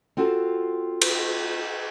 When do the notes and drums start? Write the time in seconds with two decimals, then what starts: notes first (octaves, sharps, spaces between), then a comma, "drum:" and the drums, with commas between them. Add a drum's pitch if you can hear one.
0.17 C4 F4 F#4 A4
1.02 drum: cymbal